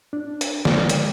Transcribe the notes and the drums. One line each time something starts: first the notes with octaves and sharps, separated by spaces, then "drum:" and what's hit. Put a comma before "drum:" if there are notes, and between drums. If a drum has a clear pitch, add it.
D4
drum: hi-hat
G#3 D5, drum: snare
drum: hi-hat